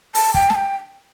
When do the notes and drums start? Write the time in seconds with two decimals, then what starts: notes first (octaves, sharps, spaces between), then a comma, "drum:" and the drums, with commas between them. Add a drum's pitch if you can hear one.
0.15 A5, drum: open hi-hat
0.34 G5, drum: kick
0.50 A5, drum: snare
0.55 G5